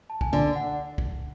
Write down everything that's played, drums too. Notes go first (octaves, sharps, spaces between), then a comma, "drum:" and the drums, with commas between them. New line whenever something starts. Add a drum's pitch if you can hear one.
A5
G#5, drum: kick
D3 A5
F#5
drum: kick